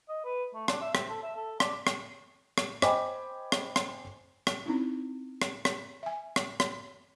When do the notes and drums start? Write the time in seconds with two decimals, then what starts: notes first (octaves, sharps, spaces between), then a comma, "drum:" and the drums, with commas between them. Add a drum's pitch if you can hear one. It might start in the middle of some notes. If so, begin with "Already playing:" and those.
0.09 D#5
0.24 B4
0.54 A3
0.68 D4, drum: rim click
0.81 E5
0.95 C4, drum: rim click
1.09 A4
1.23 E5
1.37 A4
1.60 D5, drum: rim click
1.87 drum: rim click
2.58 drum: rim click
2.82 C5 D#5 G5 G#5 B5 D6, drum: rim click
3.52 drum: rim click
3.76 drum: rim click
4.47 drum: rim click
4.66 C4 C#4 D#4 E4
5.42 drum: rim click
5.65 drum: rim click
6.03 E5 G#5
6.36 drum: rim click
6.60 drum: rim click